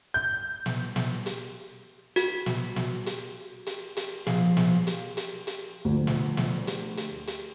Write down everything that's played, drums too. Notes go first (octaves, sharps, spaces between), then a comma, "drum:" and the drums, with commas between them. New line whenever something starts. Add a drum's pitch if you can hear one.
G6
drum: snare
drum: snare
drum: hi-hat
F#4, drum: hi-hat
drum: snare
drum: snare
drum: hi-hat
drum: hi-hat
drum: hi-hat
F3 G#4, drum: snare
drum: snare
drum: hi-hat
drum: hi-hat
drum: hi-hat
D2 F3
drum: snare
drum: snare
drum: hi-hat
drum: hi-hat
drum: hi-hat